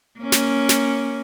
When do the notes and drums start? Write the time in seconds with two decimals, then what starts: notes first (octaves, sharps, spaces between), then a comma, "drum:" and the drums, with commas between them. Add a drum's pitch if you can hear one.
0.20 A#3 C#4
0.32 drum: snare
0.69 drum: snare